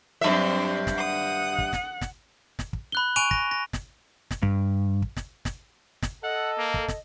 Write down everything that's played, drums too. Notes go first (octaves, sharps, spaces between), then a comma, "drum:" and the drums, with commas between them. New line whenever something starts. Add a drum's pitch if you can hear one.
G2 F#3 C4 D4 E5
drum: snare
F#5 D#6
drum: kick
drum: snare
drum: snare
drum: snare
drum: kick
B5 F#6 G7
G#5 C#6 F#6 D7 D#7 F7
A#6, drum: kick
A#6
drum: snare
drum: snare
G2, drum: kick
drum: kick
drum: snare
drum: snare
drum: snare
A4 D#5 F#5
A#3
drum: kick
drum: snare